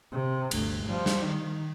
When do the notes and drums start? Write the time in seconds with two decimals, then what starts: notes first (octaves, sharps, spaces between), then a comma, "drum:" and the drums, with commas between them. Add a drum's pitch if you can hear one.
0.12 C3
0.51 G1 D2, drum: cymbal
0.86 F3 G3
1.06 drum: snare
1.25 D#3